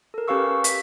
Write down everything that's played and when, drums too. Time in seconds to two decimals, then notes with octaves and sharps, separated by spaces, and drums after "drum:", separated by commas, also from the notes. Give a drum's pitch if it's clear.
0.14 A4 A#4
0.28 C#4 G4 B4 F5 C#6 E6
0.64 B6, drum: hi-hat